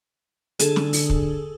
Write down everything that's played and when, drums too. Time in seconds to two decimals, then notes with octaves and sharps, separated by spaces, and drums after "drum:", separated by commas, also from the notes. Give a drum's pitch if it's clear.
0.59 D3 G#4 A4, drum: hi-hat
0.76 drum: snare
0.93 drum: open hi-hat
1.10 drum: kick